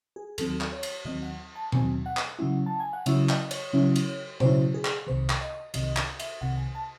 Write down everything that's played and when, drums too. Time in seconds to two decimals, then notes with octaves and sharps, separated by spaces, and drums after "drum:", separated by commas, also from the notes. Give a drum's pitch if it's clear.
0.16 G#4
0.38 D#2 D#3 F#3 C4 A4, drum: cymbal
0.61 drum: clap
0.72 C#5
0.83 drum: cymbal
1.05 D#2 D#3 F#3 C4 D#5
1.23 F#5
1.55 A5
1.72 D#2 D#3 F#3 C4 G#5, drum: tom B2
2.06 F#5
2.17 drum: clap
2.39 C#3 F#3 C#4 E4
2.66 A5
2.80 G#5
2.93 F#5
3.06 C#3 F#3 C#4 E4 E5, drum: cymbal
3.29 D#5, drum: clap
3.51 C#5, drum: cymbal
3.73 C#3 F#3 C#4 E4
3.96 drum: cymbal
4.40 C#3 F#3 C#4 E4 C5, drum: tom B2
4.74 G#4
4.85 drum: clap
5.07 C2 C3 D#3 C5
5.30 drum: clap
5.41 D#5
5.74 C2 C3 D#3 D#5, drum: cymbal
5.97 drum: clap
6.20 E5, drum: cymbal
6.41 C2 C3 D#3 F#5
6.57 G#5
6.75 A5